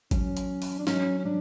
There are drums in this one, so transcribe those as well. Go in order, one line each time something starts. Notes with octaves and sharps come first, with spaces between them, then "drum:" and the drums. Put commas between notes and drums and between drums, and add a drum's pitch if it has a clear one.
F#3 C#4, drum: kick G#1, hi-hat
drum: hi-hat
drum: open hi-hat
D4
F#3 C#4, drum: snare
C#4
F#3 D4